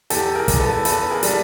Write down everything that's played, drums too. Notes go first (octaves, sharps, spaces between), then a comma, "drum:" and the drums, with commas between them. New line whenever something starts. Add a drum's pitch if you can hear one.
E2 G4 A4, drum: hi-hat
G#4 A#4
E2, drum: kick, hi-hat
A4 B4
E2 A4 B4, drum: hi-hat
G#4 A#4
G3 A4, drum: hi-hat